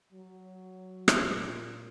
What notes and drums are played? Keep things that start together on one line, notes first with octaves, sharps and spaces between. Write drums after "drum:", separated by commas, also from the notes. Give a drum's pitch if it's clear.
F#3
drum: rim click
A#2